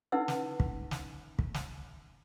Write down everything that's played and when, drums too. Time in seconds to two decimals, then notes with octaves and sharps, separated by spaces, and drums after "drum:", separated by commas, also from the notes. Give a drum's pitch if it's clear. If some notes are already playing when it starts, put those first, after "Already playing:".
0.12 C#4 D#4 E4 B4 F#5 E6
0.28 drum: snare
0.60 drum: kick
0.91 drum: snare
1.39 drum: kick
1.54 drum: snare